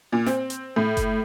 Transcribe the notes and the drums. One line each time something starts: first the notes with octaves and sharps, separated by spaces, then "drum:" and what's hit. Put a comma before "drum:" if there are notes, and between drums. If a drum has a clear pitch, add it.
A#2
C4, drum: snare
drum: hi-hat
A2
drum: kick F#1, hi-hat